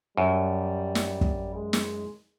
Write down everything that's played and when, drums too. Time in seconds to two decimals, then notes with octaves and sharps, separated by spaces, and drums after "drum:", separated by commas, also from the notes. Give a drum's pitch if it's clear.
0.17 F#2 G3
0.95 drum: snare
1.21 drum: kick
1.54 G#3
1.73 drum: snare